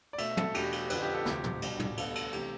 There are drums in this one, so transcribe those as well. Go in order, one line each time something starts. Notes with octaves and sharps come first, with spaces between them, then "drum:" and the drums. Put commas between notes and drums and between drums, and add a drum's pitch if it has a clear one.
D5
B2 A3 E5, drum: cymbal
A4, drum: tom
E2 B2 A3 G4, drum: cymbal
drum: cymbal
F2 D3 F3 B4, drum: cymbal
G4
A4
D2 C3 F3 G4, drum: snare
drum: tom
C2 B2 G3, drum: cymbal
drum: tom
D2 D3 G3 B3 A4, drum: cymbal
A4, drum: cymbal
C3 E3 A3 G4, drum: cymbal